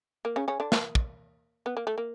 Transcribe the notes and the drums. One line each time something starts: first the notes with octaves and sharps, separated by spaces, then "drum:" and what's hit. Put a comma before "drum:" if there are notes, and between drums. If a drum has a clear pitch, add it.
A#3
C#3 C#4
C#3 C#4
D3 D4
A#3, drum: snare
drum: kick
B3
A#3
A3
A#3